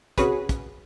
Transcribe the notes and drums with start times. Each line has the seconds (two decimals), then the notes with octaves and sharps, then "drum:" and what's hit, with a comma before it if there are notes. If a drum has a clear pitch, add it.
0.18 C3 C#4 F#4 G#4 B4, drum: kick, hi-hat
0.49 drum: kick, hi-hat